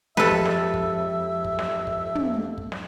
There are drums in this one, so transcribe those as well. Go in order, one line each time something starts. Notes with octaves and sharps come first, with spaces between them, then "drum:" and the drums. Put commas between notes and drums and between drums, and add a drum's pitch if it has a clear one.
F2 G#3 G4 A4 B4 E5
drum: kick
drum: snare
drum: kick
drum: kick
drum: snare
drum: kick
drum: tom
drum: kick
drum: snare